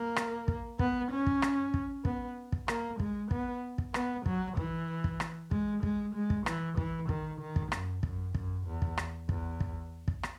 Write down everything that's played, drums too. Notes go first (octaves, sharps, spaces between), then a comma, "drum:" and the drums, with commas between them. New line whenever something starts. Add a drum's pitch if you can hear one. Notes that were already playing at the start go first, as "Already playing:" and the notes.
Already playing: A#3
drum: rim click
drum: kick
B3, drum: kick
C#4
drum: kick
drum: rim click
drum: kick
B3, drum: kick
drum: kick
A#3, drum: rim click
G#3, drum: kick
B3, drum: kick
drum: kick
B3, drum: rim click
F#3, drum: kick
E3, drum: kick
drum: kick
drum: rim click
G#3, drum: kick
G#3, drum: kick
G#3
drum: kick
E3, drum: rim click
E3, drum: kick
D#3, drum: kick
D#3
drum: kick
F#2, drum: rim click
F#2, drum: kick
F#2, drum: kick
E2
drum: kick
drum: rim click
E2, drum: kick
drum: kick
drum: kick
drum: rim click